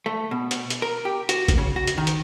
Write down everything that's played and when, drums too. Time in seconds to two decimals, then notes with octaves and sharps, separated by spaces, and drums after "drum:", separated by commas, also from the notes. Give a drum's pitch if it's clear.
0.06 A3
0.31 B2
0.51 drum: hi-hat
0.70 drum: hi-hat
0.82 A#4
1.05 G4
1.29 F#4, drum: hi-hat
1.48 drum: kick, hi-hat
1.58 C#3
1.76 F#4
1.87 drum: hi-hat
1.98 D#3
2.07 drum: hi-hat